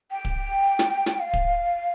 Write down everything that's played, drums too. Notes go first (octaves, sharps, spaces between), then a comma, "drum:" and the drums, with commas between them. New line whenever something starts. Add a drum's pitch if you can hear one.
G5
drum: kick D1
drum: snare
drum: snare
F5
drum: kick D1